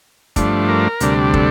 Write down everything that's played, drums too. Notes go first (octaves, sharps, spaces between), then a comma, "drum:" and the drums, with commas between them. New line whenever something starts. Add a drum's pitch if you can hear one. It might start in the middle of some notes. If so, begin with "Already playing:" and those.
G2 F3 A3 D4, drum: kick, hi-hat
A#4
D2 C3 G3 D4, drum: hi-hat
A4, drum: kick